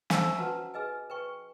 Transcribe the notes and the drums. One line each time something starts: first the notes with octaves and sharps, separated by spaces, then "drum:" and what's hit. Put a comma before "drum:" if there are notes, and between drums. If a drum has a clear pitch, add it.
C5 E5 G#5 A5 C#6 E6, drum: snare
C#4 F#4 B4 F#5 A5 A#5
G#4 B4 D#5 G#5
B4 G5 C#6